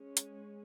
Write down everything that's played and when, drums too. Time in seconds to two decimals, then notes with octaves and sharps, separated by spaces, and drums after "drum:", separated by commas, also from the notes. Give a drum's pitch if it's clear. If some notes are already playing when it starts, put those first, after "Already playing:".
Already playing: G#3 C#4
0.17 drum: hi-hat